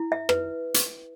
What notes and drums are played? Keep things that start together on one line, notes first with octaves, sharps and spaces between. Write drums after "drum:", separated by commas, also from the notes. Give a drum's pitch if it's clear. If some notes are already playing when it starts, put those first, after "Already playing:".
Already playing: E4
E5
B4, drum: rim click
drum: hi-hat